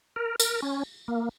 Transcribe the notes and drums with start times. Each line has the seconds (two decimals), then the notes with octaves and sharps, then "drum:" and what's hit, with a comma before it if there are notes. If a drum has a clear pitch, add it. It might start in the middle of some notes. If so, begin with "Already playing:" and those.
0.16 A#4
0.40 A#4, drum: tambourine
0.62 C#4
1.08 A#3